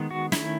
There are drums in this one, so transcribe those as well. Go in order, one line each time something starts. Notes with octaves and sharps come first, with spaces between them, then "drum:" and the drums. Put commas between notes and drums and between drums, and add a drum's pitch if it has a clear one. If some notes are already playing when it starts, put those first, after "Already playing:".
Already playing: D#3 G#3 B3
F#4
D#3 A3 C#4 E4, drum: snare